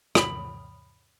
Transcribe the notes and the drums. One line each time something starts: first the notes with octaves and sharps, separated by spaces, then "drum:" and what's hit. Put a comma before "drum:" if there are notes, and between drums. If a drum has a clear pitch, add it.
B5, drum: rim click